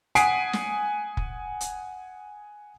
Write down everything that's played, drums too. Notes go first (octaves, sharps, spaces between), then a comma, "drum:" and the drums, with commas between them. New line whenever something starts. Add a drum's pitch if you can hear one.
F#5 G#5 D#6 B6 C7 D7, drum: hi-hat
drum: snare
drum: kick
drum: hi-hat